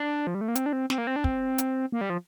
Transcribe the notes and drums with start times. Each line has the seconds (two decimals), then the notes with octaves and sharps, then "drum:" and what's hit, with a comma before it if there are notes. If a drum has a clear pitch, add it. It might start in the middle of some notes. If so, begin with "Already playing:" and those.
Already playing: D4
0.27 F3
0.35 G3
0.41 A3
0.48 A#3
0.55 C4, drum: hi-hat
0.66 D4
0.73 C4
0.90 C4, drum: snare
0.98 A#3
1.07 C4
1.16 D4
1.24 C4, drum: kick
1.58 drum: hi-hat
1.92 A#3
2.01 G3
2.10 F3